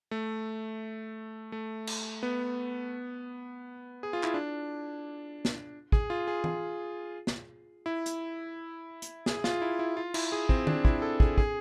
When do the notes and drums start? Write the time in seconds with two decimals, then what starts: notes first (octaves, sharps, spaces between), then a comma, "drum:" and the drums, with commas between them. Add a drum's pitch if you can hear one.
0.11 A3
1.52 A3
1.87 drum: cymbal
2.23 B3
4.03 G#4
4.13 F4
4.24 E4, drum: clap
4.34 D4
5.45 drum: snare
5.92 G#4, drum: kick
6.10 F4
6.27 G#4
6.44 drum: tom E3
7.27 drum: snare
7.86 E4
8.06 drum: hi-hat
9.02 drum: hi-hat
9.26 G#4, drum: snare
9.44 F4, drum: snare
9.62 E4
9.79 E4
9.97 F4
10.14 E4, drum: cymbal
10.32 G#4
10.49 C4, drum: kick
10.67 D4, drum: tom
10.85 E4, drum: kick
11.02 A4
11.20 G#4, drum: kick
11.38 G#4, drum: kick